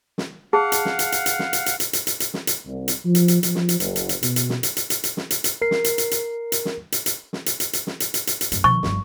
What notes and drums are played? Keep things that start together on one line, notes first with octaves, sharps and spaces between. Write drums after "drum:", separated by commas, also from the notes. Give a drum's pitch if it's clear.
drum: snare
G#4 F5 F#5 A5
drum: hi-hat
drum: snare
drum: hi-hat
drum: hi-hat
drum: hi-hat
drum: snare
drum: hi-hat
drum: hi-hat
drum: hi-hat
drum: hi-hat
drum: hi-hat
drum: hi-hat
drum: snare
drum: hi-hat
C2
drum: hi-hat
F3
drum: hi-hat
drum: hi-hat
F3, drum: hi-hat
drum: snare
drum: hi-hat
F#1, drum: hi-hat
drum: hi-hat
drum: hi-hat
B2, drum: hi-hat
drum: hi-hat
drum: snare
drum: hi-hat
drum: hi-hat
drum: hi-hat
drum: hi-hat
drum: snare
drum: hi-hat
drum: hi-hat
A#4 C7
drum: snare
drum: hi-hat
drum: hi-hat
drum: hi-hat
drum: hi-hat
drum: snare
drum: hi-hat
drum: hi-hat
drum: snare
drum: hi-hat
drum: hi-hat
drum: hi-hat
drum: snare
drum: hi-hat
drum: hi-hat
drum: hi-hat
drum: hi-hat
F#2 B3, drum: hi-hat
B2 D#3 C#6
G1 G2, drum: snare